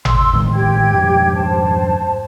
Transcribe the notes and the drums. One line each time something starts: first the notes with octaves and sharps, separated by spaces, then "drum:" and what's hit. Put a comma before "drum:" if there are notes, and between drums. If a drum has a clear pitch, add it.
C6 E6, drum: tom G#1
A2 D#3 G#3
G4 G5 G#6
F2 G#2
C5 A5